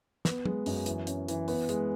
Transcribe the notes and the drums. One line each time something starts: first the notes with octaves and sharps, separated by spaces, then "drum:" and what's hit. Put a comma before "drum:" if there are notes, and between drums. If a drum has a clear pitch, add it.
B3, drum: snare
G#3, drum: tom
F#2, drum: open hi-hat
E3, drum: hi-hat
C#4, drum: hi-hat
E3, drum: hi-hat
B3, drum: open hi-hat
G#3, drum: hi-hat